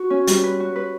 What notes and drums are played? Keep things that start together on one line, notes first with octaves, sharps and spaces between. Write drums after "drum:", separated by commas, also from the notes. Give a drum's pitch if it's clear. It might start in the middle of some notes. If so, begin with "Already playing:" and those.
Already playing: F#4
C#4
G3, drum: hi-hat
B4
F#4
B4